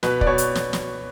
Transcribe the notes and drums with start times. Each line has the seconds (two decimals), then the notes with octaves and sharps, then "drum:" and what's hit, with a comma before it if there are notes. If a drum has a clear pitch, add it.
0.03 B2 B4, drum: snare
0.21 D5, drum: kick
0.27 B2 C#5
0.38 drum: hi-hat
0.55 drum: snare
0.73 drum: snare